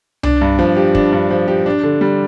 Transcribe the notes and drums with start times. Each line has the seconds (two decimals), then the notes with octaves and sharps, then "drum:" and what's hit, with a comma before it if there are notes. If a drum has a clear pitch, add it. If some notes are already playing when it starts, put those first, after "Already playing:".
0.23 D4, drum: tom C2
0.41 G2
0.59 F3
0.77 G4
0.95 D4, drum: kick
1.12 G2
1.30 F3
1.48 G4
1.66 D4
1.83 D3
2.01 G3